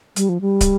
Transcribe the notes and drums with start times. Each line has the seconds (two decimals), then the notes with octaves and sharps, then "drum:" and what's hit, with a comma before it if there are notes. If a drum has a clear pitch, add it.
0.16 G3, drum: hi-hat
0.29 F3
0.41 G3
0.61 drum: kick, hi-hat